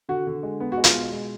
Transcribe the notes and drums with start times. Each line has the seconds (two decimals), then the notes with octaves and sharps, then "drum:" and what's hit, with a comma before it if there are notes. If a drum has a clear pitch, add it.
0.09 D3 F#4
0.27 D3
0.43 G#3
0.60 B3
0.72 F#4
0.78 G#3
0.84 F4, drum: hi-hat
0.95 B2
1.12 G#3